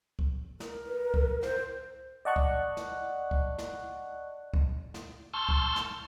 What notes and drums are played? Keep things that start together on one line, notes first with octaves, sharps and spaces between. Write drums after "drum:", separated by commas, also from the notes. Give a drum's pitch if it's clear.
drum: kick C#2
A#4, drum: snare
B4
drum: kick C#2
C5, drum: snare
D5 D#5 F#5 A5 C#6 F#6
drum: kick C#2
drum: snare
drum: kick C#2
drum: snare
drum: kick C#2
drum: snare
A5 C6 C#6 E6 F6 G6
drum: kick C#2
drum: snare